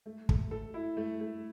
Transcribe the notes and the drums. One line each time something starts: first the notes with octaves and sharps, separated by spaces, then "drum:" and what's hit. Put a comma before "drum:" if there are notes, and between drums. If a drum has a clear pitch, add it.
A3
A3, drum: kick
A4
E4
A3
A3